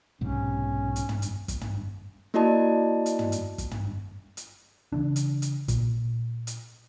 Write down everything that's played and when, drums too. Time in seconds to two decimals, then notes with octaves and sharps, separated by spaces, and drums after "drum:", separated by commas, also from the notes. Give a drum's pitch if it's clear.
0.21 B1 G#2 C3 C#4
0.96 drum: hi-hat
1.09 drum: tom
1.22 drum: hi-hat
1.48 drum: kick, hi-hat
1.61 drum: tom
2.34 A#3 E4 F#4 D5 D#5 A5
3.06 drum: hi-hat
3.19 drum: tom
3.32 drum: hi-hat
3.58 drum: kick, hi-hat
3.71 drum: tom
4.37 drum: hi-hat
4.92 C#3 E3 D4
5.16 drum: hi-hat
5.42 drum: hi-hat
5.68 A#2, drum: kick, hi-hat
6.47 drum: hi-hat